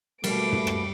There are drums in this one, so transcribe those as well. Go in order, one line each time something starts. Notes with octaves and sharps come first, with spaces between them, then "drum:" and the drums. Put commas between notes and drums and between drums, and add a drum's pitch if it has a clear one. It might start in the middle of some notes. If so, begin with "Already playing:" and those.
B2 G3 A3 A#3 D6 D7, drum: cymbal
drum: tom
drum: rim click